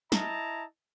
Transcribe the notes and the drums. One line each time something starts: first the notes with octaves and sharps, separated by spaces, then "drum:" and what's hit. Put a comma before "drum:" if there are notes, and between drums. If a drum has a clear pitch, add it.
E4 D#5 A5 A#5, drum: snare